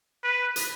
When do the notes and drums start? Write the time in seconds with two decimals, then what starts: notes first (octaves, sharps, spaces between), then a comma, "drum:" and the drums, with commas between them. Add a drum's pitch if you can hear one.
0.23 B4
0.56 drum: hi-hat